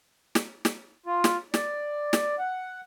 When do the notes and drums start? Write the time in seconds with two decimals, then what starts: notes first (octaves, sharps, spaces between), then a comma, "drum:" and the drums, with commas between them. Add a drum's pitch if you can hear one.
0.35 drum: snare
0.65 drum: snare
1.06 F4
1.24 drum: snare
1.54 D5, drum: snare
2.13 drum: snare
2.39 F#5